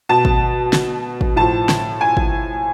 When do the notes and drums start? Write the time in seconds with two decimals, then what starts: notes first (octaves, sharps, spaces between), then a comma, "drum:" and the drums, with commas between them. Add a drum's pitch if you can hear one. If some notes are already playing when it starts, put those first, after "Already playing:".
0.09 B2 A5
0.25 drum: kick G#1
0.73 drum: snare
1.21 drum: kick G#1
1.36 A2 F3 A5
1.69 drum: snare
2.01 G#5
2.17 drum: kick G#1